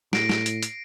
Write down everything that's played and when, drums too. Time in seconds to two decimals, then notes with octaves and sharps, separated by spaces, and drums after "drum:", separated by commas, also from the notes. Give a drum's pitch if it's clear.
0.13 A2 A#6 C7 D7, drum: snare
0.29 drum: snare
0.46 drum: hi-hat
0.63 drum: hi-hat